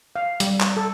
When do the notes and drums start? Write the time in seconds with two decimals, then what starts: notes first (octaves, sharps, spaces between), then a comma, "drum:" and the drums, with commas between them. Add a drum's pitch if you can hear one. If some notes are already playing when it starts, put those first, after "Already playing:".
0.16 F5
0.40 G3, drum: hi-hat
0.60 drum: clap
0.77 A4